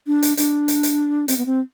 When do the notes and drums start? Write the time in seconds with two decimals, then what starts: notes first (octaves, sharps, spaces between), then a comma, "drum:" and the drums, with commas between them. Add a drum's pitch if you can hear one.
0.07 D4
0.22 drum: hi-hat
0.37 D4, drum: hi-hat
0.68 drum: hi-hat
0.83 drum: hi-hat
1.28 C4, drum: hi-hat
1.38 B3
1.46 C4